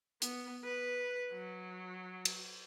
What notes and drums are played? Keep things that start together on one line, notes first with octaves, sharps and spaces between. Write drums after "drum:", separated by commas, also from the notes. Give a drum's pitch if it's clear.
B3, drum: hi-hat
B4
F#3
drum: cymbal